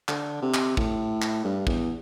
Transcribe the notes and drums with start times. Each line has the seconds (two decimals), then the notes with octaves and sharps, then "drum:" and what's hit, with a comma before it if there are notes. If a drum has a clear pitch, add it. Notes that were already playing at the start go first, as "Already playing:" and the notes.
0.08 D3, drum: clap
0.42 C3
0.54 drum: clap
0.77 A2, drum: kick
1.22 drum: clap
1.44 G2
1.67 E2, drum: kick